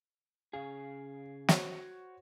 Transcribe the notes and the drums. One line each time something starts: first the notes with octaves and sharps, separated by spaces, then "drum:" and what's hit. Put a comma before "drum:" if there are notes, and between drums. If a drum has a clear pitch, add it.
C#3 G#4 F5
F#4 C5 C#5, drum: snare